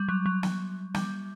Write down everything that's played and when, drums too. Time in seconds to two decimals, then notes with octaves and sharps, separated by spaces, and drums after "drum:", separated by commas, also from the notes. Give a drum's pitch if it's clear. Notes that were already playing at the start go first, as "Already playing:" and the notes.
Already playing: G3
0.09 F#3
0.26 F#3
0.43 drum: snare
0.95 G3, drum: snare